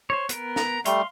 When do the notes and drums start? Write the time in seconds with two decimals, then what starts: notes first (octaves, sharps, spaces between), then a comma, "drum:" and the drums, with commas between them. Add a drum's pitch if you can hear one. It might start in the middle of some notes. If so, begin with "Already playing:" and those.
0.10 C5 C#5
0.29 B3 A#4, drum: hi-hat
0.56 A#5, drum: snare
0.85 G3 A3 F5 C6, drum: hi-hat